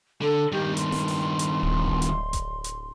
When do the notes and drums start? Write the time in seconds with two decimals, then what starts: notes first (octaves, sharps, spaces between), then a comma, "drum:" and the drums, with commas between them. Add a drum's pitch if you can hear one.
0.21 D3 A4
0.52 G2 D#3 G4
0.77 C6, drum: hi-hat
0.92 drum: snare
1.08 drum: open hi-hat
1.39 drum: hi-hat
1.63 D1
1.86 drum: kick G#1
2.02 drum: hi-hat
2.33 drum: kick G#1, hi-hat
2.64 drum: hi-hat